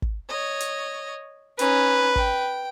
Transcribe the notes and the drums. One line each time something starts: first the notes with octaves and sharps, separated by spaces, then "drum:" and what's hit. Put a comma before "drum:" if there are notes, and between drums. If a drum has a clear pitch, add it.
drum: kick
C#5 D#5
drum: hi-hat
C#4 D#4 B4, drum: hi-hat
G5, drum: kick